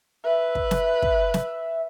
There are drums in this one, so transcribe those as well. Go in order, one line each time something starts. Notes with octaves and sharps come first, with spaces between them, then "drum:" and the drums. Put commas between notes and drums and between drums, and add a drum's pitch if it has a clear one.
B4 E5
drum: kick
drum: snare
drum: kick
drum: snare